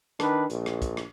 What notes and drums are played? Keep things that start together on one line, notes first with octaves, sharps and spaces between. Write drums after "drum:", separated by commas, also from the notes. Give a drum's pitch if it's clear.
D#3 D4 B4, drum: rim click
A#1, drum: hi-hat
drum: rim click
drum: kick, hi-hat
drum: rim click